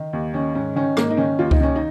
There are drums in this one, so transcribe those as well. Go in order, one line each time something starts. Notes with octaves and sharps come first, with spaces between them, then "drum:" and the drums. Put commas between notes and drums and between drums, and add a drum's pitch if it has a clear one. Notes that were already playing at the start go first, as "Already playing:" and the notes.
Already playing: D#3
D#2
D#3 C#4
G#2 C#4
D#3 C#4
G#2 A#3, drum: rim click
D#4
D#3 C#4
D#2 F4
D#4, drum: kick C#2
D#3 C#4
D#4